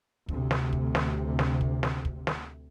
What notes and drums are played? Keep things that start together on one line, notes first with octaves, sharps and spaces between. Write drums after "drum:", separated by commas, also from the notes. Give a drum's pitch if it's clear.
D2 C3, drum: kick
drum: snare
drum: kick
drum: snare
drum: snare
drum: kick
drum: snare
drum: kick
drum: snare